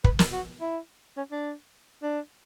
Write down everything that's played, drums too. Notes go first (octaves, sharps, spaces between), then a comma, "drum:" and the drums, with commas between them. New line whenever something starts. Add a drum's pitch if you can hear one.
B4, drum: kick
A#4, drum: snare
F#4
E4
C#4
D4
D4